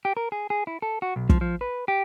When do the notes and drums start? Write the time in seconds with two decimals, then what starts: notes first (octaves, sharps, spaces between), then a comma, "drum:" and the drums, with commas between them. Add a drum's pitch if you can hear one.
0.05 G4
0.17 A#4
0.32 G#4
0.50 G#4
0.67 E4
0.82 A4
1.02 F#4
1.16 B1
1.29 F3, drum: kick
1.41 F3
1.61 B4
1.88 G4